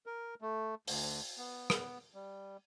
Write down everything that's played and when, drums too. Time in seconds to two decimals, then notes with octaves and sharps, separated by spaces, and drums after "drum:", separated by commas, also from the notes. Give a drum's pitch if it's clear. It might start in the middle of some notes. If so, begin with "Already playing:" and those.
0.06 A#4
0.41 A3
0.87 D2, drum: open hi-hat
1.38 B3
1.70 B3, drum: rim click
2.14 G3